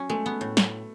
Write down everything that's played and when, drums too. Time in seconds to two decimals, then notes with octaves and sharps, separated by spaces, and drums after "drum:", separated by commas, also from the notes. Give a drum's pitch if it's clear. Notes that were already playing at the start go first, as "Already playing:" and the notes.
Already playing: F#3 C#4
0.09 G#3 A3
0.26 B3
0.41 A2
0.57 drum: snare